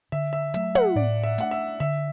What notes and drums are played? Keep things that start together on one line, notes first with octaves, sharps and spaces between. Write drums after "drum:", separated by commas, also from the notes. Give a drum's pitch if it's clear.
D3 E5
E5
F#3 A3 E5, drum: hi-hat
F#5, drum: tom
A2 D5
E5
A3 D4 F#5, drum: hi-hat
E5
D3 E5